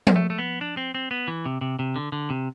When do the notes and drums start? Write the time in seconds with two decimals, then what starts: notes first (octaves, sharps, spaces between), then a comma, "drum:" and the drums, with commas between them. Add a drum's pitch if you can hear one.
0.07 drum: tom F3
0.16 A3
0.30 A3
0.38 B3
0.61 D4
0.77 C4
0.95 C4
1.11 B3
1.28 E3
1.45 C3
1.61 C3
1.79 C3
1.96 D3
2.12 D3
2.30 C3